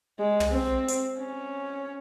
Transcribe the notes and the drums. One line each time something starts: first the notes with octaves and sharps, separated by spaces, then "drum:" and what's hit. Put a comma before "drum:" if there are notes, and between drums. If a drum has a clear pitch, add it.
G#3
drum: tom
C4
drum: hi-hat
C#4